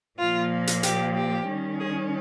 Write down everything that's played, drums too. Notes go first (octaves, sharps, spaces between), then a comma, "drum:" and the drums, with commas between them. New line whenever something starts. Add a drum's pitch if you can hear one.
A#2 F3 A#3 F4
drum: hi-hat
G4, drum: hi-hat
G4
D#3 G3 C#4
G#4